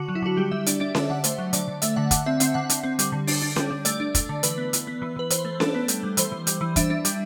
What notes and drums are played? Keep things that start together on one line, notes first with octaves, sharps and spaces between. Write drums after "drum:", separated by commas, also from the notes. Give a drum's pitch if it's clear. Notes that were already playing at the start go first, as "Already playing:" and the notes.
Already playing: D3 F#4
F#3
E4
D3 F#4
G3 G4
G3 E5
D4 D5, drum: hi-hat
D4 D5
D3 E5, drum: snare C#4
D3 F#5
A3 C5, drum: hi-hat
F#3
D3 D5, drum: hi-hat
D3
A3 E5, drum: hi-hat
D3 F#5
D3 F#5, drum: kick, hi-hat
C4 E5
C4 E5, drum: hi-hat
D3 F#5
D3, drum: hi-hat
C4
G3, drum: hi-hat
D3
D4, drum: open hi-hat
D4
G3, drum: snare C#4
G3
A3 D5, drum: hi-hat
D4
A3, drum: kick, hi-hat
D3
E3 B4, drum: hi-hat
B3
E3, drum: hi-hat
B3
E3
E3 B4
E3 C5, drum: hi-hat
A3
D4 A4, drum: snare C#4
B3
G3, drum: hi-hat
G3
E3 C5, drum: hi-hat
E3
G3, drum: hi-hat
E3
D4 E5, drum: kick, hi-hat
D4
G3, drum: hi-hat